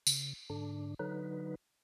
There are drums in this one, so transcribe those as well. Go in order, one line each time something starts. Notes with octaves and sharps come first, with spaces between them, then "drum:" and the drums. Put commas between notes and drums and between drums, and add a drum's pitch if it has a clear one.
C#3, drum: tambourine
G#2 D3 D4
D3 F#3 D#4 B4